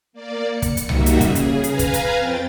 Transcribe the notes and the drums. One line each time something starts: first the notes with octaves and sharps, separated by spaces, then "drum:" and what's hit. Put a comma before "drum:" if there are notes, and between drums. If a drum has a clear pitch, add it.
A#3 D5
C#7
drum: kick, hi-hat
drum: hi-hat
G3 A#3 D#4 F#4 E5, drum: tom C2
drum: hi-hat
C#3 G#4, drum: kick, hi-hat
drum: hi-hat
B4 F5 G#5 A#5, drum: hi-hat
drum: kick, hi-hat
drum: hi-hat
F2 C4 G5 A6